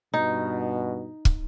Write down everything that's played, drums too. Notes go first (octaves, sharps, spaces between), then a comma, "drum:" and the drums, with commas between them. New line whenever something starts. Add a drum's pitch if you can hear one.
G2 B2 D#4
drum: kick